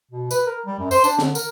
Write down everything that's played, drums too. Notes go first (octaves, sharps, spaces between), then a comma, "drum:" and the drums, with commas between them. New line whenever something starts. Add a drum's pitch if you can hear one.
B2
B4, drum: tambourine
A#4
G3
F#2
C5, drum: tambourine
D4, drum: tambourine
D3, drum: snare
A#4, drum: tambourine